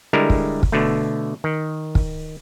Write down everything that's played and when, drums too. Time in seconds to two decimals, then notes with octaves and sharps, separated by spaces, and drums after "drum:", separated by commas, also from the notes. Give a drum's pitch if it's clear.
0.13 D3 G3 G#3 E4 A#4
0.30 drum: kick
0.63 drum: kick
0.72 B2 D3 A3
1.44 D#3
1.95 drum: kick